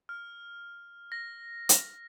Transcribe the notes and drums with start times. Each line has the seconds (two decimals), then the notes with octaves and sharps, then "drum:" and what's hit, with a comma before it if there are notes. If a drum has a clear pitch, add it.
0.09 F6
1.12 A#6
1.69 drum: hi-hat